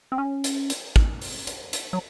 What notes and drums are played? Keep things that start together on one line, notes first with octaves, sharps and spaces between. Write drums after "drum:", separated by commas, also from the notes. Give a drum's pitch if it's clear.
C4
C#4
drum: hi-hat
drum: hi-hat
drum: kick
drum: open hi-hat
drum: hi-hat
drum: hi-hat
F#3